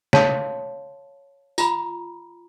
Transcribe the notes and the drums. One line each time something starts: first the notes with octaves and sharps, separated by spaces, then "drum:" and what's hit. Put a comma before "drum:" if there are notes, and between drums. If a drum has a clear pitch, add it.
C#5 F5 A5 C6, drum: snare
F4 A#5 B5, drum: tambourine